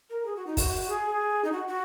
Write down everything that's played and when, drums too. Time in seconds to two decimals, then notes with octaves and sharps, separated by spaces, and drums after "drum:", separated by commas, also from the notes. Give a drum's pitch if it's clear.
0.10 A#4
0.26 G#4
0.36 F#4
0.47 D#4
0.57 F#4, drum: kick, open hi-hat
0.89 G#4
1.44 D#4
1.52 F#4
1.68 F#4